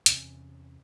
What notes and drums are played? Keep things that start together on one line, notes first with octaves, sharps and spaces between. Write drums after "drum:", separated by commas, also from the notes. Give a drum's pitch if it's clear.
E2 C3 C#4, drum: hi-hat